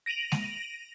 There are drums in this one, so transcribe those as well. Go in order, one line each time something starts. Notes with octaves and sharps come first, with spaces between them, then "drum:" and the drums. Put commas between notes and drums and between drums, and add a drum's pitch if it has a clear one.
A#6 D7 D#7 F7 F#7
drum: snare G#3